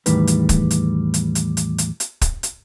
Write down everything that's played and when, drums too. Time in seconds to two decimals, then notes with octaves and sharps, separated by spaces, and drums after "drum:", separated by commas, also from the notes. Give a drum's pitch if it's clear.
0.06 E2 A2 D#3 G3 B4, drum: hi-hat
0.27 drum: hi-hat
0.49 drum: kick, hi-hat
0.71 drum: hi-hat
1.14 drum: hi-hat
1.35 drum: hi-hat
1.57 drum: hi-hat
1.78 drum: hi-hat
2.00 drum: hi-hat
2.21 drum: kick, hi-hat
2.43 drum: hi-hat